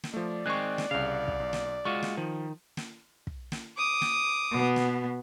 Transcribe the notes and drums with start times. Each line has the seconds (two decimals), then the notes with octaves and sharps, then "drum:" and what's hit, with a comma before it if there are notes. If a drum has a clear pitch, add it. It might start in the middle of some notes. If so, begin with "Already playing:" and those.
0.04 drum: snare
0.14 F3 A3 D5
0.46 D#3 G#3 C4 C#6 F#6
0.78 drum: snare
0.91 C2 C#3 F5
1.28 drum: kick
1.40 B1
1.53 drum: snare
1.85 G#3 F4 F#4 C#6
2.03 drum: snare
2.17 D#3 F3
2.77 drum: snare
3.27 drum: kick
3.52 drum: snare
3.77 D6 D#6
4.02 drum: snare
4.51 B2 B3
4.76 drum: snare